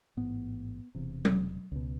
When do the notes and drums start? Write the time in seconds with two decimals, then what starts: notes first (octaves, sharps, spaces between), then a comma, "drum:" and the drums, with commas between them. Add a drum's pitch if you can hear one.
0.17 A1 G#2 B3
0.95 E1 E2 C3
1.25 drum: tom F#3
1.72 C#2 B2